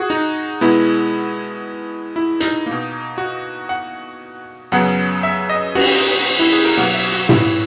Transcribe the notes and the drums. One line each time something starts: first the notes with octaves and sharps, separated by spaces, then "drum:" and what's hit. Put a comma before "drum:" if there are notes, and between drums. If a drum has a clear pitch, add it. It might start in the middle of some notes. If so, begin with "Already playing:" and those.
Already playing: F#4 G#4
D#4
B2 G#3 B3 E4
E4
D#4, drum: hi-hat
B2 A#3
F#4
F#5
F#2 C#3 F#3 B3 F#5
E5
D#5
F#4, drum: cymbal
E4
G#4
A#4
B2 F#3 A#3 F#5
E5
F#4
E4, drum: tom